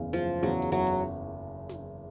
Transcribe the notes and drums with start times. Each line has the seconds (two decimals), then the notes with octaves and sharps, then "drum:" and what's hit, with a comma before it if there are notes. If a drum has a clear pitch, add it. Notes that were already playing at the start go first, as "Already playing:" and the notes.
Already playing: F#1 E2 C#3
0.13 F#1 F3, drum: hi-hat
0.42 E2 C#3 F#3
0.62 drum: hi-hat
0.72 F#1 F#3
0.87 drum: open hi-hat
1.69 drum: snare